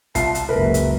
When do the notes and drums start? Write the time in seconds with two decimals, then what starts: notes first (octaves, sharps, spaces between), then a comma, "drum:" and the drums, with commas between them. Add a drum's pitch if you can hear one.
0.15 C2 F4 A5 C7, drum: kick, hi-hat
0.35 drum: hi-hat
0.49 F#1 C#2 A#4 B4 E5
0.74 drum: hi-hat